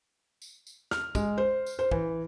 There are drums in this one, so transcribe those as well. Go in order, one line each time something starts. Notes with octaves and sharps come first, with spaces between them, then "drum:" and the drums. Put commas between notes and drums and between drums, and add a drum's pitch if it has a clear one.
drum: tambourine
drum: tambourine
F6, drum: snare
G#3, drum: kick, tambourine
C5
drum: tambourine
C5
E3, drum: kick